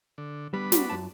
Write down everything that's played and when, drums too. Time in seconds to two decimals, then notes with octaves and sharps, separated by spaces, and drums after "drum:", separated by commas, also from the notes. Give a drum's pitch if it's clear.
0.18 D3
0.54 G3 B3 D4 B4
0.72 G3 F#4, drum: snare
0.90 F#2 A5